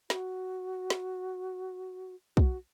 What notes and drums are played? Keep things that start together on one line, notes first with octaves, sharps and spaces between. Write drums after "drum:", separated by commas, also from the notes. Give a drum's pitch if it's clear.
F#4, drum: snare
drum: snare
F#4, drum: kick